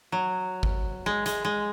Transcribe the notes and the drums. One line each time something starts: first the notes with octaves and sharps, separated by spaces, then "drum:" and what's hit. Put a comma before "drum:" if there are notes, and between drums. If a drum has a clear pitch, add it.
F#3
drum: kick G#1
G#3
G#3, drum: hi-hat
G#3